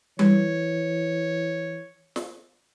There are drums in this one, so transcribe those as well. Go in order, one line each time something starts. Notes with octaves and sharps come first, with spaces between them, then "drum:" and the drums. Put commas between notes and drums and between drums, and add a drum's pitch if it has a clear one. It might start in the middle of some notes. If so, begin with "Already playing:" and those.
E3 C#5, drum: tom G3
drum: snare